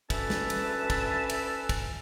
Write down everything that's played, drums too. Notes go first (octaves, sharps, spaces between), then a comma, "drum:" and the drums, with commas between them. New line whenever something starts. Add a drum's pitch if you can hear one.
D2 E3 C#4 B4 E5 A5, drum: kick, cymbal
drum: snare
drum: cymbal
drum: kick, cymbal
drum: cymbal
drum: kick, cymbal